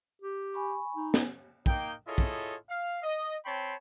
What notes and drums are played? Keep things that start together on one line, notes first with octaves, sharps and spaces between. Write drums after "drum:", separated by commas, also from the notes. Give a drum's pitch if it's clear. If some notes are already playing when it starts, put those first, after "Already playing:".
G4
G#5 B5 C#6
D#4
drum: snare
A#3 D#4 G5, drum: kick
E4 F4 G#4 A4 C#5 D#5
drum: kick
F5
D#5
C4 C#5 G5 A5 B5 C6